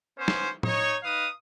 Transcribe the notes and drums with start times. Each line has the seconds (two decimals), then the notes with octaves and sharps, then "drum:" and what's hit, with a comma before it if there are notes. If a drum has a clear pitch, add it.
0.17 B3 C#4 C5
0.28 drum: snare
0.63 D#4 C#5, drum: tom A2
1.03 D#4 B4 F5 D#6